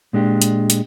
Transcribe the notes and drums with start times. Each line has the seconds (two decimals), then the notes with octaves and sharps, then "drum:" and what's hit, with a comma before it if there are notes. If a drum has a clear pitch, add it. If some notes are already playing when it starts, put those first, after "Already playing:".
0.13 A#2 G#3 D4 G4
0.42 drum: hi-hat
0.70 drum: hi-hat